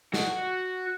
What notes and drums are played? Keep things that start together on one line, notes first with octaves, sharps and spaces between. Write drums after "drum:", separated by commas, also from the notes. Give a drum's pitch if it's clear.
F#4, drum: snare